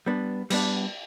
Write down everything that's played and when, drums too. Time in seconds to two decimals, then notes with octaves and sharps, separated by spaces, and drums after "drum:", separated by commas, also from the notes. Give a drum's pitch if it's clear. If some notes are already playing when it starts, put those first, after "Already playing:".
0.06 G3 B3 D4
0.50 G3 B3 D4, drum: cymbal